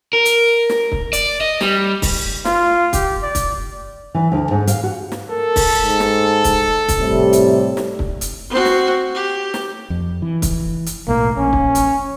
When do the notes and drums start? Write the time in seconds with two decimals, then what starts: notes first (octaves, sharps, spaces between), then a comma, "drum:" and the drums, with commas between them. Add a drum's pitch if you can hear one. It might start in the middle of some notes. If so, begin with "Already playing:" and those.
0.13 A#4
0.25 drum: hi-hat
0.69 drum: snare
0.92 drum: kick
1.13 D5, drum: hi-hat
1.41 D#5
1.61 G3, drum: snare
2.02 drum: kick, open hi-hat
2.45 F4, drum: snare
2.93 G4, drum: kick, hi-hat
3.23 D5
3.35 drum: kick, hi-hat
4.15 E3
4.32 D2
4.51 G#2
4.67 F5, drum: hi-hat
4.83 F#4
5.12 drum: snare
5.30 A4 A#4
5.56 drum: kick, open hi-hat
5.81 G#2
6.00 drum: snare
6.44 drum: kick, hi-hat
6.88 drum: kick, hi-hat
7.00 A2 C3 G3
7.33 drum: hi-hat
7.77 drum: snare
7.99 drum: kick
8.21 drum: hi-hat
8.50 C4 F#4
8.65 drum: snare
9.14 G4
9.54 drum: snare
9.90 F2
10.22 E3
10.42 drum: kick, hi-hat
10.86 drum: hi-hat
11.08 B1 A2 A#3
11.37 A#1 C#4
11.53 drum: kick
11.75 drum: hi-hat